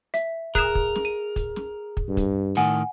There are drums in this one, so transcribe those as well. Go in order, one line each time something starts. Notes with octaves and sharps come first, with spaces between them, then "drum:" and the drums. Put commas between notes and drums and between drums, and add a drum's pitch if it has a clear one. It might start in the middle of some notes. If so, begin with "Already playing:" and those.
E5, drum: hi-hat
G#4 A#4 F#6 E7, drum: kick, hi-hat
drum: kick
drum: snare
D#7
drum: kick, hi-hat
drum: snare
drum: kick
G2
drum: kick, hi-hat
A2 D#3 F#5 G#5